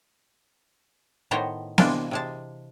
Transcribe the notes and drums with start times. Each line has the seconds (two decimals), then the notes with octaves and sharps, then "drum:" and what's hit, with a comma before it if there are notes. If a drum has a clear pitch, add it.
1.31 A2 D#3 B3 C5 C#5 A#5
1.78 C3 E3 G#3 A#3 D4 F4, drum: snare B3
2.11 C3 G#3 A5